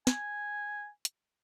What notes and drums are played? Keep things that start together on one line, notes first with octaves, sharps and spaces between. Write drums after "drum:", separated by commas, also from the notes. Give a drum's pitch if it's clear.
G#5, drum: snare
drum: hi-hat